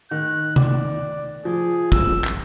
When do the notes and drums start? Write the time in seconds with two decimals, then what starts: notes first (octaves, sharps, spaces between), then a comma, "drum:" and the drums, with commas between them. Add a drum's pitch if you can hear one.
0.11 D#3 F#6
0.56 D5, drum: tom C3
1.45 F3 G#4
1.92 E6, drum: kick
2.24 drum: clap